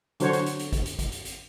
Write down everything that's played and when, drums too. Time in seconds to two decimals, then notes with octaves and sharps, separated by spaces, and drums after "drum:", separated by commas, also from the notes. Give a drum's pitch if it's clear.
0.20 D3 F#3 F#4 C5 C#5, drum: hi-hat
0.33 drum: hi-hat
0.46 drum: hi-hat
0.59 drum: hi-hat
0.72 drum: kick, hi-hat
0.86 drum: hi-hat
0.99 drum: kick, hi-hat
1.12 drum: hi-hat
1.25 drum: hi-hat